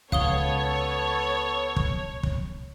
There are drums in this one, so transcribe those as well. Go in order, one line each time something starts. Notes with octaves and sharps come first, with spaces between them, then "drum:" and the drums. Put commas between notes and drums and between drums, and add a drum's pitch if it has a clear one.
C#2 B3 A4 C#5 F5 D#6 G7, drum: kick
drum: kick
drum: kick